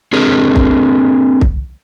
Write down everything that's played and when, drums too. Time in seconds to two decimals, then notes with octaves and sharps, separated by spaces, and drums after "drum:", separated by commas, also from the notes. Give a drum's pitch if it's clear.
0.13 C4 D4 G#4 A#4
0.56 drum: kick C2
1.41 drum: kick C2